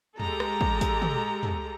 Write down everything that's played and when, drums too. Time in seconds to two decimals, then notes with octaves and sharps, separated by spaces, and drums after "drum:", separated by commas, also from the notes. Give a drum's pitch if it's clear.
0.20 G#3 G4 A4 A#5, drum: tom
0.40 drum: rim click
0.61 drum: kick
0.81 drum: kick, hi-hat
1.02 drum: tom
1.43 drum: tom